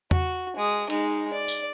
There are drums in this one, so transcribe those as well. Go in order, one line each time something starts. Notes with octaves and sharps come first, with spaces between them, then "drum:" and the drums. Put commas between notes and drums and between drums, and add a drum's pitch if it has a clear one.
F#4, drum: tom E2
G#3 D#6
G#3 D#4, drum: cymbal
D5
drum: tambourine